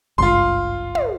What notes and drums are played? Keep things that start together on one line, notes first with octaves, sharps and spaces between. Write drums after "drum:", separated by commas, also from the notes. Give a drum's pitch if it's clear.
G#1 C#2 G2 F4 C6
drum: tom